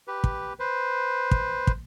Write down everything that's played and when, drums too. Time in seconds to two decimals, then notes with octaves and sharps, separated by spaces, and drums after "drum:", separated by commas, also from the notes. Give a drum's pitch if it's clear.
0.08 G4 B4
0.24 drum: kick
0.60 B4 C5
1.31 drum: kick
1.67 drum: kick